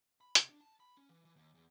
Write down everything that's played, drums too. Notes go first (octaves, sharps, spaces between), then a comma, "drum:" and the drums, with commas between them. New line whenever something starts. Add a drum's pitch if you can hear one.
B5
C3, drum: hi-hat
D4
A5
B5
C#4
E3
E3
D#2
E2